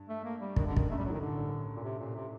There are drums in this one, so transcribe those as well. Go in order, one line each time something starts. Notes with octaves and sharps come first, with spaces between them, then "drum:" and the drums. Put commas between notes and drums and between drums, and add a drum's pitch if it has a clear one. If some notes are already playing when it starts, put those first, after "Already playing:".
Already playing: G2
A3
A#3
G3
G2 D#3, drum: kick
F#2 D3
D#3, drum: kick
F#2 A3
G3
F#3
A2 D#3
G2 D3
A#2
C3
A#2
C3